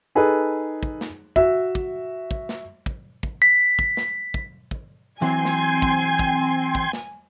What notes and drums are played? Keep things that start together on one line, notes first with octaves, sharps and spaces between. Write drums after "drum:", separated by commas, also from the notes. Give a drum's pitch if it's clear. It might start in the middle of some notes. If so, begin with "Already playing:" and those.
D#4 G#4 A4 B4
drum: kick
drum: snare
F#4 E5, drum: kick
drum: kick
drum: kick
drum: snare
drum: kick
drum: kick
B6
drum: kick
drum: snare
drum: kick
drum: kick
E3 F#3 C4 G5 G#5 C6 G#6
drum: snare
drum: kick
drum: kick
drum: kick
drum: snare